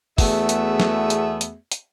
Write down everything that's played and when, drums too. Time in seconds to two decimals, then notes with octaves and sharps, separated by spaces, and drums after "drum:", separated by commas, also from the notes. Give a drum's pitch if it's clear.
0.18 E2 A3 B3 F#4 G#4 E5, drum: kick, open hi-hat
0.49 drum: hi-hat
0.80 drum: snare
1.10 drum: hi-hat
1.41 drum: hi-hat
1.72 drum: hi-hat